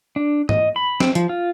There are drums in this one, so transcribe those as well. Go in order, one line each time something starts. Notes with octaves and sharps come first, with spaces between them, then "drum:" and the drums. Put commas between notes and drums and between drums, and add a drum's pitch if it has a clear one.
D4
D#5, drum: tom G#2
B5
C4, drum: snare
F3, drum: hi-hat
F4